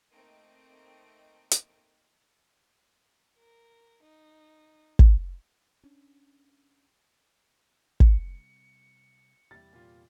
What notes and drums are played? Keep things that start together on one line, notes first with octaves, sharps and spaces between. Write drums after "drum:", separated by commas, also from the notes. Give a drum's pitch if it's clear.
A3 A#3 C4 D#4 D#5 D7
drum: hi-hat
A#4
D#4
drum: kick
C#4 D4
C3 G3 C#7, drum: kick
E2 C3 G3 E4 A6
A#2 G3 F4